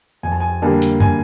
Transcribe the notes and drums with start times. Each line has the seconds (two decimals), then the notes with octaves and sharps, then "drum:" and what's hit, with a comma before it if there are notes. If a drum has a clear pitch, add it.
0.23 F2 G#5
0.32 A5
0.40 G#5
0.62 D3 G3 A#3 D4 A5
0.82 drum: hi-hat
1.00 G#5, drum: tom F#2